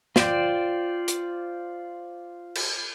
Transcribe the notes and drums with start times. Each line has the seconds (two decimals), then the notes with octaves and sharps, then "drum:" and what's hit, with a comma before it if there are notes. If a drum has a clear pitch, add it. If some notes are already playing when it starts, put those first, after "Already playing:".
0.16 F4 C5 D5 G5, drum: snare
1.08 drum: hi-hat
2.55 drum: cymbal